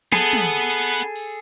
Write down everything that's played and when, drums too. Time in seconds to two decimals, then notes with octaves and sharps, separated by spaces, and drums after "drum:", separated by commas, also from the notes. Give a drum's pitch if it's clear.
0.12 B3 G#4 A4, drum: snare
0.33 drum: tom
1.15 drum: cymbal